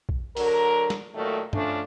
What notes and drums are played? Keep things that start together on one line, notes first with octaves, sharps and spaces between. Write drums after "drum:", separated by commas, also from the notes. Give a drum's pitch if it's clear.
drum: kick A#1
D3 F#3 A#4, drum: open hi-hat
drum: snare
A#2 D#3 F#3 A3
D2 F3 A3 C#4 D4, drum: tom